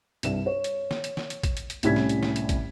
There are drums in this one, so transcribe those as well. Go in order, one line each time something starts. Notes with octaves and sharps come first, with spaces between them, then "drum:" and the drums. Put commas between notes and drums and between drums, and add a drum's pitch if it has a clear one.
C2 G2 E7, drum: hi-hat
C#5
drum: hi-hat
drum: snare
drum: hi-hat
drum: snare
drum: hi-hat
drum: kick, hi-hat
drum: hi-hat
drum: hi-hat
C2 A2 G3 C#4 G#6 B6, drum: hi-hat
drum: snare
drum: hi-hat
drum: snare
drum: hi-hat
drum: kick, hi-hat